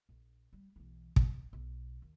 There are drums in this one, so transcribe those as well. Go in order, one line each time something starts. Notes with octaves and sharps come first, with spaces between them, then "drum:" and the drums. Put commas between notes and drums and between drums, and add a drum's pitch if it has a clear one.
A#1
G3
B1 E3
C2, drum: kick
B1
D#2